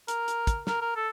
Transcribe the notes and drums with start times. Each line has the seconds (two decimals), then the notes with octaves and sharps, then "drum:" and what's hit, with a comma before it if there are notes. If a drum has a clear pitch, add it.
0.08 A#4, drum: hi-hat
0.28 drum: hi-hat
0.47 drum: kick, hi-hat
0.67 A#4, drum: snare
0.81 A#4
0.96 A4